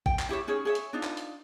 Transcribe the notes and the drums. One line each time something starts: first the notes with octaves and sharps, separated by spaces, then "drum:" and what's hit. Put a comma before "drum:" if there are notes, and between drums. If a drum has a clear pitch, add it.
G5, drum: kick
drum: clap
E4 G4 C#5 E5
C#4 D#4 G#4 C#5
G#4 C#5 E5
drum: hi-hat
D4 D#4 F4
drum: clap
drum: hi-hat